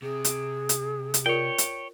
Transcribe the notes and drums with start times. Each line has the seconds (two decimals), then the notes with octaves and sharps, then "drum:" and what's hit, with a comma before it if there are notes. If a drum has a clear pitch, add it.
0.02 C3 G#4
0.24 drum: hi-hat
0.69 drum: hi-hat
1.14 drum: hi-hat
1.26 F4 A#4 C#5 D5 G5
1.58 drum: hi-hat